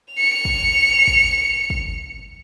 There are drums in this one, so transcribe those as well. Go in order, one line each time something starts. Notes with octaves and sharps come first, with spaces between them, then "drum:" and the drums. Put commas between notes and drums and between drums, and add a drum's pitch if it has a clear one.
C#7 F7
drum: kick
drum: kick
drum: kick